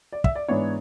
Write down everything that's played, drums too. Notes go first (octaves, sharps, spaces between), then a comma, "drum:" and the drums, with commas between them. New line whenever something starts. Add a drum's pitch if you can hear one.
D5
E5, drum: kick
D5
G#2 E3 B3 D4 C#5